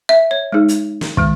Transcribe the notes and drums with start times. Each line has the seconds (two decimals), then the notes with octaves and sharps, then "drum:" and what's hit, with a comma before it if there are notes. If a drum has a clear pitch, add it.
0.09 E5
0.31 C#5
0.52 G#3 D#4 G#4
0.68 drum: hi-hat
1.01 drum: snare
1.17 D#3 G#3, drum: kick